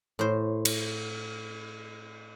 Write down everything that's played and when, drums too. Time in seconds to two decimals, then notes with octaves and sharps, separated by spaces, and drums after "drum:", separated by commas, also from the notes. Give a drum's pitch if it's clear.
0.19 A2 C5
0.65 drum: cymbal